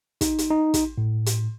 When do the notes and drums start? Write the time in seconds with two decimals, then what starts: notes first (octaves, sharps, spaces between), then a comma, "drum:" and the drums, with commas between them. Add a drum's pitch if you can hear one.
0.21 D#4, drum: kick, hi-hat
0.38 drum: hi-hat
0.51 D#4
0.74 drum: kick, hi-hat
0.98 A2
1.26 drum: hi-hat